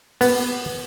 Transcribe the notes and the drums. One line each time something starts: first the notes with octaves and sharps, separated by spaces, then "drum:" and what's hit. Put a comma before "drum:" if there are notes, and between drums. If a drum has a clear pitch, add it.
B3, drum: open hi-hat